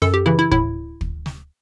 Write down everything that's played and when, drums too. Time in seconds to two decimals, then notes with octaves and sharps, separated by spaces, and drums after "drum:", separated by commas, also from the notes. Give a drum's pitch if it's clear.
0.02 F#2 A4, drum: snare
0.14 G4
0.26 C#3 E3 E4
0.39 E4
0.52 A2 E4, drum: kick
1.01 drum: kick
1.26 drum: snare